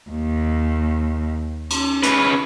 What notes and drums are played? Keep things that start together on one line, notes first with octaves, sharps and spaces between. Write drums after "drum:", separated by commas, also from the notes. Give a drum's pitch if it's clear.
D#2
C#4, drum: cymbal
C#3 B4, drum: hi-hat